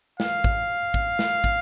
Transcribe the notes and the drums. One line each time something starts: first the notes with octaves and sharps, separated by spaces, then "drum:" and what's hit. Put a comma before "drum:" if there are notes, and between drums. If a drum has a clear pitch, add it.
F5, drum: snare
drum: kick
drum: kick
drum: snare
drum: kick